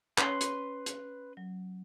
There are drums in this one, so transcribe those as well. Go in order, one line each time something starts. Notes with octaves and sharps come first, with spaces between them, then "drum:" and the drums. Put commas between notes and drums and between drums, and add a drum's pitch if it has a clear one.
C#4 B4 C#5 C6, drum: clap
drum: hi-hat
drum: hi-hat
F#3